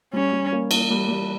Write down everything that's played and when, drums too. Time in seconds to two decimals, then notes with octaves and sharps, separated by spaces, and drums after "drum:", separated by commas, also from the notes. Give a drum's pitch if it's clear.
0.13 G3 C#4
0.32 G3
0.52 A#3
0.71 A#3, drum: cymbal
0.90 G3
1.08 G3